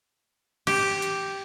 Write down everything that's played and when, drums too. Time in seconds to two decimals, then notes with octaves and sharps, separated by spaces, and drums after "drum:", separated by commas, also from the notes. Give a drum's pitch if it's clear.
0.67 G4, drum: cymbal
1.02 drum: hi-hat